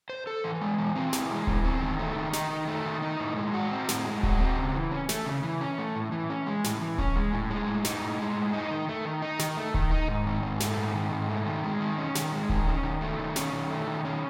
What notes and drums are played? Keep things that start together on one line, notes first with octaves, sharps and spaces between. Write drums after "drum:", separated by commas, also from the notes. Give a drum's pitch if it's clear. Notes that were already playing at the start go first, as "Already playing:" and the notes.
C5
A4
E3
G#3
E3
C4
E3, drum: snare
G#3
E3, drum: kick D1
C4
D#3
A3
D#3
D#4, drum: snare
D#3
A3
D#3
D#4
A2
G#3
F#4
C4
A2, drum: snare
G#3
F#4, drum: kick D1
C4
C#3
E3
C#4
A3, drum: snare
C#3
E3
C#4
A3
A2
E3
C#4
G#3
A2, drum: snare
E3
C#4, drum: kick D1
G#3
A2
G#3
A2
D#4, drum: snare
A2
G#3
A2
D#4
D#3
A3
D#3
D#4
D#3, drum: snare
A3
D#3, drum: kick D1
D#4
G#2
D#3
G#2
A3, drum: snare
G#2
D#3
G#2
A3
D#3
G#3
D#3
C#4
D#3, drum: snare
G#3
D#3, drum: kick D1
C#4
D#3
A3
D#3
C#4, drum: snare
D#3
A3
D#3
C#4